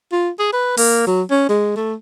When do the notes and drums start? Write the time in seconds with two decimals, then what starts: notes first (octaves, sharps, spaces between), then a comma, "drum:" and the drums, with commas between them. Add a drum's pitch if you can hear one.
0.12 F4
0.39 G#4
0.53 B4
0.78 A#3, drum: open hi-hat
1.07 F#3
1.31 C#4
1.49 G#3
1.76 A3